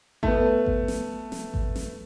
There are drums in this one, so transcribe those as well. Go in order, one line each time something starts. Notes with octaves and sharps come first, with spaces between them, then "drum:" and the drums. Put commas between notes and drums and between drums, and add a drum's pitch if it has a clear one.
A3 B3, drum: kick G#1
drum: kick G#1
drum: snare
drum: snare
drum: kick G#1
drum: snare